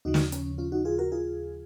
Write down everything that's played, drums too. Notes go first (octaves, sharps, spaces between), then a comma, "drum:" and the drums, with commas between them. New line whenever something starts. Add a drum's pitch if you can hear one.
D#2 C#3 F3 D#4 F#4
drum: snare
C#4, drum: hi-hat
C#4 F4
D#4 F#4
F4 G#4
F#4 A#4
F4 G#4